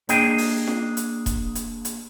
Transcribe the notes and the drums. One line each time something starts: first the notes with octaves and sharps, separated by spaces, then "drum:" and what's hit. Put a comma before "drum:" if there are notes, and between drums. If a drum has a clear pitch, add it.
A#3 D4 G#4 D#5 G5, drum: hi-hat
drum: open hi-hat
drum: snare F4
drum: hi-hat
drum: kick E1, hi-hat
drum: hi-hat
drum: hi-hat